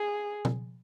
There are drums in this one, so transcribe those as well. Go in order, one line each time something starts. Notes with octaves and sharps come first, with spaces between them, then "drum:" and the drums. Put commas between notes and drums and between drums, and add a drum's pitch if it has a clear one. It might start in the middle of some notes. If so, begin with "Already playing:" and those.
Already playing: G#4
drum: tom B2